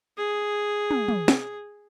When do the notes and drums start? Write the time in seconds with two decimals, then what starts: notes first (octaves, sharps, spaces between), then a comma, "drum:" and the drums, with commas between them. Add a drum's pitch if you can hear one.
0.18 G#4
0.91 drum: tom
1.08 drum: tom
1.28 drum: snare